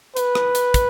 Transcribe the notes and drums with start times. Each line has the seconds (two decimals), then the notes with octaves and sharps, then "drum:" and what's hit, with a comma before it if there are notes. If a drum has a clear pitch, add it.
0.17 B4, drum: hi-hat
0.35 drum: rim click
0.55 drum: hi-hat
0.74 drum: kick, hi-hat